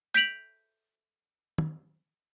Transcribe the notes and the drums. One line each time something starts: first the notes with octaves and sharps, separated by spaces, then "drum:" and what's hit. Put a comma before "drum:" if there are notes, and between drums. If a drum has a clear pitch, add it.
G6 B6 D7 F7 F#7, drum: hi-hat
drum: tom